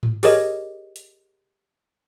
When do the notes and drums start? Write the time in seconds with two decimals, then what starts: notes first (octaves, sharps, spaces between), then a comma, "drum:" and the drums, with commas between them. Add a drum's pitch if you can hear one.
0.03 drum: tom G#2
0.23 G4 G#4 A#4 C#5 D#5, drum: open hi-hat
0.96 drum: hi-hat